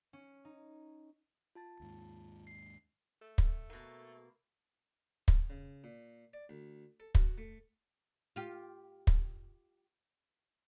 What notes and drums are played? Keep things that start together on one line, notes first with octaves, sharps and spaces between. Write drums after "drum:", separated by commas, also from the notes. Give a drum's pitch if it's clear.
C#4
D#4
F4 A5 A6
D#2 G#2
C7
A3
drum: kick
B2 A#3
drum: kick
C#3
A#2
D5
D2
A4
F#4, drum: kick
A3
F4 G4
drum: kick